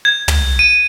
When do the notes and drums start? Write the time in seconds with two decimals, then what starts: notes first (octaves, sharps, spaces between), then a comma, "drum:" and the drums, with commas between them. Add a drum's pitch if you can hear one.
0.05 G#6
0.28 drum: tom
0.59 D#7